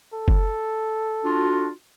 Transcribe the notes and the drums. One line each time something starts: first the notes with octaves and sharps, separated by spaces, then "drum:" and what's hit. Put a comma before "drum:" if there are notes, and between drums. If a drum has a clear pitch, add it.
A4
drum: kick F#1
D4 F4 F#4